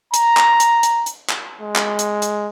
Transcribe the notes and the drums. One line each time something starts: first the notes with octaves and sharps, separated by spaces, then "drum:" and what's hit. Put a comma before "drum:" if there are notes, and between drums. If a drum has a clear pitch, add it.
A#5, drum: hi-hat
drum: clap
drum: hi-hat
drum: hi-hat
drum: hi-hat
drum: clap
G#3
drum: clap
drum: hi-hat
drum: hi-hat